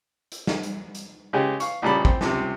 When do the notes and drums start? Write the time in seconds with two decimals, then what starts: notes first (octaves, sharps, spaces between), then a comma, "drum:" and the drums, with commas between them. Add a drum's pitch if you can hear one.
0.32 drum: hi-hat
0.47 drum: snare
0.63 drum: hi-hat
0.95 drum: hi-hat
1.33 C#3 G#3 G4
1.60 F5 C#6, drum: hi-hat
1.82 A#1 C#3 G3 A5 B5
2.05 C4, drum: kick
2.21 C#2 C3, drum: snare